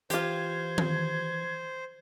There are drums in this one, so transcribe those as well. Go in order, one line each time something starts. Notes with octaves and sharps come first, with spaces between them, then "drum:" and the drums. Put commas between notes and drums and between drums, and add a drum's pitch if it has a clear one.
E3 F4 G4 C5 G#6, drum: hi-hat
drum: tom D#3